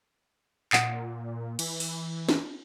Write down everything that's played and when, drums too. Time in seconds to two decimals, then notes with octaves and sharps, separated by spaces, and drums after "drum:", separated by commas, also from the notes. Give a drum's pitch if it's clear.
0.73 A#2 F#5 D#6, drum: clap
1.59 E3, drum: cymbal
1.80 drum: open hi-hat
2.29 drum: snare